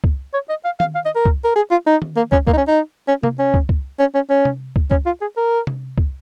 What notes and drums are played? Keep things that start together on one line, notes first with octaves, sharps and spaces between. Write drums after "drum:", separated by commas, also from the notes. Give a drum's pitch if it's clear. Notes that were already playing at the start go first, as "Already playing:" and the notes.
drum: kick
C#5
D#5
F5
F5, drum: tom D#3
F5
D#5
A#4
drum: kick
A#4
G#4
F4
D#4
drum: tom D#3
A#3
C#4, drum: kick
A#3, drum: kick
D#4
C#4
D#4
C#4
A#3, drum: tom C3
C#4
drum: kick
drum: kick
C#4
C#4
C#4
drum: tom C3
drum: kick
C#4, drum: kick
F4
G#4
A#4
drum: tom C3
drum: kick